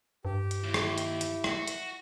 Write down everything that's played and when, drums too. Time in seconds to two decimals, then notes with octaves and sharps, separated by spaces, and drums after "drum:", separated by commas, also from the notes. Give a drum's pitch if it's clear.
0.25 G2 G4
0.51 drum: hi-hat
0.64 D#2 E4
0.74 drum: rim click
0.98 drum: hi-hat
1.21 drum: hi-hat
1.44 F#4, drum: rim click
1.68 drum: hi-hat